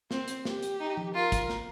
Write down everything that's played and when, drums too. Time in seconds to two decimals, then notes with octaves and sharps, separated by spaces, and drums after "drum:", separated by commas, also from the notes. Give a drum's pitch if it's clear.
0.11 C4, drum: snare
0.28 drum: hi-hat
0.45 G4, drum: snare
0.62 drum: hi-hat
0.80 D#4
0.97 drum: tom F3
1.14 F4 A#4
1.32 drum: kick, hi-hat
1.50 drum: snare